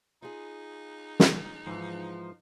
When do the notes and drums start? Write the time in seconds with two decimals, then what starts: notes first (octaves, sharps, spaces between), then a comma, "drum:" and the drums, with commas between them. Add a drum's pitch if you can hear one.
0.22 D#4 F4 G#4
1.20 drum: snare
1.67 G#2 E3 F3